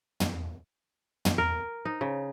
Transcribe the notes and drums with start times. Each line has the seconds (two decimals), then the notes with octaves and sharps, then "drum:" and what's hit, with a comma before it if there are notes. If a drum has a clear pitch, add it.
0.20 drum: tom
1.25 drum: tom
1.38 A#4
1.85 D#4
2.01 C#3